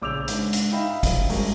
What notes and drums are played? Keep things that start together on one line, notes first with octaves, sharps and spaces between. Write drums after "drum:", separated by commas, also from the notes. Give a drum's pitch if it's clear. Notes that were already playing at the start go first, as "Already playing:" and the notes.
A#1 C#3 D6 E6 G6 F7
G#2 D4, drum: hi-hat
drum: hi-hat
D#4 E5 F5 G5 B5
drum: kick, hi-hat
G2 G3 G#3 A#3 C#4 F#4, drum: open hi-hat